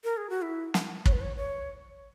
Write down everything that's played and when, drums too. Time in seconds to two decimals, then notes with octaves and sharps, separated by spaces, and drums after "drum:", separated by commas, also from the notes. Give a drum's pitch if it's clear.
0.04 A#4
0.17 G#4
0.30 F#4
0.42 E4
0.74 drum: snare
1.06 C#5, drum: kick
1.13 B4
1.21 C#5
1.37 C#5